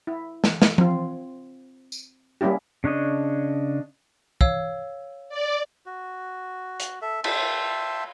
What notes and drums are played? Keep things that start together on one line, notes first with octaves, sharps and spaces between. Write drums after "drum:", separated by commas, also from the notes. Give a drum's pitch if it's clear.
E4
drum: snare
drum: snare
C4 F4, drum: tom F3
drum: tambourine
G3 A#3 C#4 E4 G4
C#3 D4 C#5 D#5
C#5 F5 E6, drum: kick
D5
F#4
drum: hi-hat
A4 E5
E5 G5 A5 C6, drum: cymbal